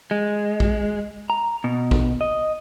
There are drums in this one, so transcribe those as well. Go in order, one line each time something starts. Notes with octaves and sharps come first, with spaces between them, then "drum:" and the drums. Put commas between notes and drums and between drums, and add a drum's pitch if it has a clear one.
G#3
drum: kick A#1
A#5
B2
drum: kick A#1
D#5